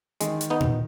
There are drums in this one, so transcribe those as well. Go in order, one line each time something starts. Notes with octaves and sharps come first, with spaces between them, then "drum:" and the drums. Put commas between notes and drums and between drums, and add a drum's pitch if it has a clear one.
D#3 G#3, drum: hi-hat
drum: hi-hat
B3 D#4
drum: tom A#2